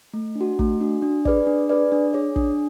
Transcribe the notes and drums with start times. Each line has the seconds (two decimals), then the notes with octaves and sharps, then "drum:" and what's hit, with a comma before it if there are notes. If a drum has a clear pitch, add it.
0.14 A3
0.35 D4
0.41 F#4
0.59 A3, drum: kick
0.80 D4 F#4
1.02 D4
1.25 G#4 B4 D5, drum: kick
1.47 D4
1.69 G#4 B4 D5
1.92 D4
2.14 G#4 C#5
2.36 D4, drum: kick